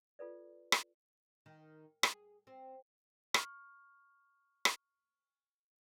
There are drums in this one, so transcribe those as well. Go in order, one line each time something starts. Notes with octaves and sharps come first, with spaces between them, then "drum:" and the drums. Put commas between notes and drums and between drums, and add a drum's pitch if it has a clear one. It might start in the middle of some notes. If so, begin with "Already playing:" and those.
F4 A4 B4 D5
drum: rim click
D#3
G#4, drum: rim click
C4
C#6 F6, drum: rim click
drum: rim click